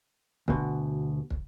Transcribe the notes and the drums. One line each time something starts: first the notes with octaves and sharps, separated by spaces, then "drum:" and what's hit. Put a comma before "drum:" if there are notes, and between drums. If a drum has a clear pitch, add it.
D2 B2, drum: kick
drum: kick